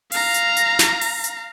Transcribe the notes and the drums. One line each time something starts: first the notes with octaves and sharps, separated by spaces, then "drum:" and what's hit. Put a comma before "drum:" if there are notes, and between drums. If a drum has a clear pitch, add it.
F5 A#5, drum: open hi-hat
drum: hi-hat
drum: hi-hat
drum: snare
drum: open hi-hat
drum: hi-hat